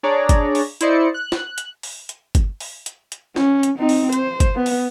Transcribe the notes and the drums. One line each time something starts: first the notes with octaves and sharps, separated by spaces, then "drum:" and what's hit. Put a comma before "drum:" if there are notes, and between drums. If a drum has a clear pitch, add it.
D4 G#4 C#5 D5 A#5
drum: kick G1, hi-hat
drum: open hi-hat
E4 C5 D5 D#5 C#7, drum: hi-hat
F#6
drum: snare
drum: hi-hat
drum: open hi-hat
drum: hi-hat
drum: kick G1, hi-hat
drum: open hi-hat
drum: hi-hat
drum: hi-hat
C#4, drum: snare
drum: hi-hat
C4 D#4
drum: open hi-hat
C5, drum: hi-hat
drum: kick G1, hi-hat
B3
drum: open hi-hat